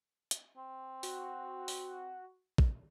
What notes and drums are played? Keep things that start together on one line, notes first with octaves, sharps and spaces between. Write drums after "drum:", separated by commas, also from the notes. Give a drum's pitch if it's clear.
drum: hi-hat
C4
F#4, drum: open hi-hat
drum: open hi-hat
drum: kick